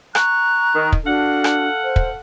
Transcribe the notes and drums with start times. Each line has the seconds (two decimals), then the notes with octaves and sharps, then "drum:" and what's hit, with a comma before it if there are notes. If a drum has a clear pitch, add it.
0.15 A#5 C#6 F#6, drum: rim click
0.74 D#3
0.92 drum: kick
1.05 D4 F#4 A4 F5 F#5
1.44 drum: rim click
1.85 C5
1.96 drum: kick